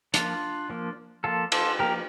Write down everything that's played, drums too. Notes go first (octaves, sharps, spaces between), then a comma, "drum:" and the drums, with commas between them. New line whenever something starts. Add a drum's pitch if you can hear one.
F3 A#3 D4 F4, drum: hi-hat
F3 A#3
F3 A#3 F4 A4
F4 A4, drum: cymbal
F3 A#3 G4 A#4